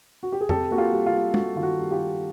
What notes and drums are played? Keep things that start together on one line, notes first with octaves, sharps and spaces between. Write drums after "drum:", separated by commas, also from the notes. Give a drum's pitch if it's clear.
F#4
G4
G#4
C3 G4 A4, drum: tom F2
A#3 F#4
F4 G4
G3
F4
G3
G3 F#4, drum: tom
D#3 F4
F#4
G3
F4 G4
G3